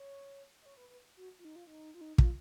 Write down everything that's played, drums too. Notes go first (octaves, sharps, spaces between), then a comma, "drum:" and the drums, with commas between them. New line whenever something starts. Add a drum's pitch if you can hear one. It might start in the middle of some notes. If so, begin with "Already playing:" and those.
Already playing: C#5
D#5
C#5
B4
B4
F#4
F4
D#4
F4
D#4
F4
D#4
F4, drum: kick